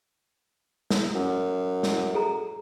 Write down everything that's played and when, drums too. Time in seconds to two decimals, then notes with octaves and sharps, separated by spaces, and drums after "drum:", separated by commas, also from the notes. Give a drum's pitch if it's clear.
0.91 drum: snare
1.15 F#2
1.83 drum: snare
2.14 G#4 A4 A#5